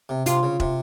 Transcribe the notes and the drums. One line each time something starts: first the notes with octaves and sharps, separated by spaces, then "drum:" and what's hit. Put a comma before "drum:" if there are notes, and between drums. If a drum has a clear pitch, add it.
C3
C3 F4, drum: hi-hat
C#3
C3, drum: kick